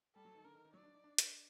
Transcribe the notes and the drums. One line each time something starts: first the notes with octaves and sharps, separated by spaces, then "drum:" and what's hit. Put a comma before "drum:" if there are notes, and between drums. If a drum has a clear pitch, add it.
G3 A4
F#3
D#3
D3 A#4
D#3
D#3
F#3 D5
D4
D#4
D4
drum: hi-hat